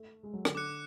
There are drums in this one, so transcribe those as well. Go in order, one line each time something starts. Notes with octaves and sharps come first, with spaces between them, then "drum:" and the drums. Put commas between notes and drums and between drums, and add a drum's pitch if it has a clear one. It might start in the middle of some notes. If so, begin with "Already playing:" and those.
Already playing: A3
G#3
F#3
D3, drum: rim click
D6 F#6 C#7